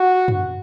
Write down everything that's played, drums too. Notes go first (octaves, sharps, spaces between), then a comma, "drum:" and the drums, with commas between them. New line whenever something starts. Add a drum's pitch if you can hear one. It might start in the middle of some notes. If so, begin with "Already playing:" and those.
Already playing: F#4
drum: tom F#2